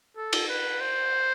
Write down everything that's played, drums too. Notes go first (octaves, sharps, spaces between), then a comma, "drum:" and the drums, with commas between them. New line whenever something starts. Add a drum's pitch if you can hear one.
A4
drum: cymbal
B4
C5